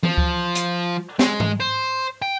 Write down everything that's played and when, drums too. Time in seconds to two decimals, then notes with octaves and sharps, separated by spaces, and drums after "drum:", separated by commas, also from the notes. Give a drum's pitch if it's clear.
0.03 F3, drum: tom E3
0.18 drum: kick C#2
0.55 drum: hi-hat
1.19 G#3, drum: snare
1.40 drum: tom G#2
1.60 C5
2.22 G5